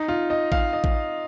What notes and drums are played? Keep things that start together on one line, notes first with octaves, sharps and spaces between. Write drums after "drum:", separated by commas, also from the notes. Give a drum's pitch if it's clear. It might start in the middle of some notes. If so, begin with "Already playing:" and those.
Already playing: D#4
F4
D#5
F5, drum: kick A1
D#5
drum: kick A1